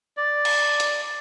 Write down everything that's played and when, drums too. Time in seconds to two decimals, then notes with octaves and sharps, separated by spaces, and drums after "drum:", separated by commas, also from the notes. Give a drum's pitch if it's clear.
0.17 D5
0.45 drum: cymbal
0.80 drum: hi-hat